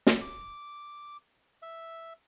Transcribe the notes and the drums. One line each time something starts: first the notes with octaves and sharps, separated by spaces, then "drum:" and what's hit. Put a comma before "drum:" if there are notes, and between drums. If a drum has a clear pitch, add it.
drum: snare
D6
E5